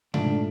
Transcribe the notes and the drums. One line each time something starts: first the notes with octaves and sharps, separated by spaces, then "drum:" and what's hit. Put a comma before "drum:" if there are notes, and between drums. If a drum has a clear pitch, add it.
G#2 F3 A3 D4, drum: tom B2